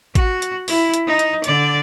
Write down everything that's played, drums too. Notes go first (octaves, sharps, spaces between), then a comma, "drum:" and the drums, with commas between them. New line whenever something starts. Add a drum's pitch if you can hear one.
F#4, drum: kick, hi-hat
drum: hi-hat
E4, drum: open hi-hat
drum: hi-hat
D#4
drum: hi-hat
D3 D5, drum: hi-hat